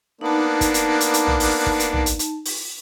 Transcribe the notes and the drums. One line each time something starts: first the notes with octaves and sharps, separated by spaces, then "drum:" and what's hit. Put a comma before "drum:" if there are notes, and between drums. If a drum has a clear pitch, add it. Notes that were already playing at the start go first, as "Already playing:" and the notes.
A#3 B3 D4 D#4 A5
drum: kick, hi-hat
drum: hi-hat
drum: hi-hat
drum: hi-hat
drum: tom
drum: open hi-hat
drum: kick
drum: hi-hat
drum: tom
drum: hi-hat
drum: hi-hat
drum: open hi-hat